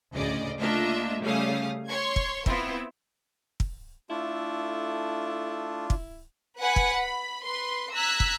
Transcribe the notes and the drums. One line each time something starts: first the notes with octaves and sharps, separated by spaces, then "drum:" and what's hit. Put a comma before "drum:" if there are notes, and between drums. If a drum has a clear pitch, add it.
D2 A2 C#3 D5 D#5
A3 A#3 D4 F4 D#5 E5
C#3 G3 A3 C#4 F5 D#6
C#5 C6 C#6 G#6
drum: kick
B3 C4 E4 F4, drum: kick
drum: kick
A3 D4 E4 F4 A4
drum: kick
B4 F#5 G#5
drum: kick
B5
B4 C6
A#5 E6 F#6 G#6 B6
drum: kick